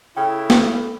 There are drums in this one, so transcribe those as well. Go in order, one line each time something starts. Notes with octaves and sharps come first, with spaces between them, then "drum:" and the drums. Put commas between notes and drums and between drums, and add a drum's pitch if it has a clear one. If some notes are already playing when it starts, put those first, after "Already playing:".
C#3 E4 A4 G5
drum: snare